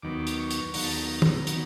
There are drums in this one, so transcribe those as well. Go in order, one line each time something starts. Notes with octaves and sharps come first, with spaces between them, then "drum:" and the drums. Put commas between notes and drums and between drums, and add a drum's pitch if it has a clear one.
D#2 D#3 F#3 B3 D6
drum: hi-hat
C#6
drum: hi-hat
D#2 D#3 F#3 B3 A#5, drum: open hi-hat
A5
A#5
drum: tom
D#3 F#3 B3, drum: hi-hat